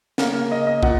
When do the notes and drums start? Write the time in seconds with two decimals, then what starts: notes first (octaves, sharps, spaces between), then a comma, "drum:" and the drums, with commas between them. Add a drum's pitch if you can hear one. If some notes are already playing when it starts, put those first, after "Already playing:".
0.18 C#3 A#3 A#4, drum: snare
0.52 D#5
0.67 D#5
0.83 A#2 F#5, drum: kick